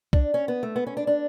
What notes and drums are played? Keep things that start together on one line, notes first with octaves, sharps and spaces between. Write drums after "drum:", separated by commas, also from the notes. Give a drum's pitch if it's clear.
D4, drum: kick
C#4
B3
A3
B3
C#4
D4
D4